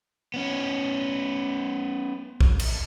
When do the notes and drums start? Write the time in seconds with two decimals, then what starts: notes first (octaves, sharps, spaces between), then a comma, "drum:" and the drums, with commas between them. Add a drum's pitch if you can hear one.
0.34 B3 C#4
2.41 drum: kick A#1
2.59 drum: cymbal